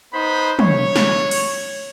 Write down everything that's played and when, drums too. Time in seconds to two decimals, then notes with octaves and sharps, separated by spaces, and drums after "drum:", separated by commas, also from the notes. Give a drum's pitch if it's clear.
0.14 B3 D#4 C5 B5
0.59 C#5, drum: tom
0.96 drum: snare
1.31 drum: cymbal